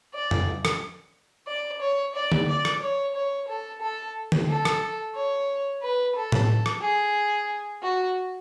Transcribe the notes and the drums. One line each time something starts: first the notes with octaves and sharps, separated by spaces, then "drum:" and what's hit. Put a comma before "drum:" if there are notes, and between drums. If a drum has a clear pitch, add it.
D5
drum: tom
drum: rim click
D5
C#5
D5
drum: tom D3
D5
drum: rim click
C#5
C#5
A4
A4
drum: tom D3
A4
drum: rim click
C#5
B4
A4
drum: tom A2
drum: rim click
G#4
F#4